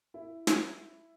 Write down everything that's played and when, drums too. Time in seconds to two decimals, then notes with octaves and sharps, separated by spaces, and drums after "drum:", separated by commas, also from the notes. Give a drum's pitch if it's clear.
0.14 E4
0.47 drum: snare